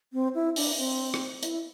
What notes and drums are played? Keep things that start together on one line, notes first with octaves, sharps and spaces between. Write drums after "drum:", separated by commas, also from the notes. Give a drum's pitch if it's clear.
C4
E4
D4, drum: open hi-hat
C4
drum: rim click
E4, drum: hi-hat